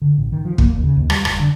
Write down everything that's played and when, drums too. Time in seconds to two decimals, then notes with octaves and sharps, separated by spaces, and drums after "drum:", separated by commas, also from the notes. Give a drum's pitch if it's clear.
0.02 D3
0.18 A1
0.32 D#3
0.45 F3
0.58 A#3, drum: kick
0.70 D#2
0.83 C#3
0.97 D#2
1.10 G3, drum: rim click
1.25 F1, drum: rim click
1.40 D3